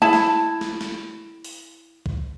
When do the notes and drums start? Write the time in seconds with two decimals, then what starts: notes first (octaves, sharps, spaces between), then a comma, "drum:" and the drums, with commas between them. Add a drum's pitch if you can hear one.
0.02 E4 A5
0.13 drum: snare
0.61 drum: snare
0.81 drum: snare
1.44 drum: open hi-hat
2.06 drum: kick